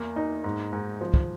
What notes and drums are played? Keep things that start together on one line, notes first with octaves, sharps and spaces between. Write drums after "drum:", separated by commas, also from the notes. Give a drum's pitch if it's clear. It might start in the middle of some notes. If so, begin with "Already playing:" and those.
Already playing: E2 A#3
D#4
G#2
G#2
F3
drum: kick